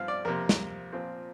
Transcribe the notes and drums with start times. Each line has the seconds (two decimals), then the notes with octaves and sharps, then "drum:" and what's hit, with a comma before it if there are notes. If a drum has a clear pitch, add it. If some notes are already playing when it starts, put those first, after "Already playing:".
Already playing: G2 F3 C4 F5
0.08 D5
0.25 F2 C3 A#3 A#4
0.49 drum: snare
0.93 A#2 F3 C4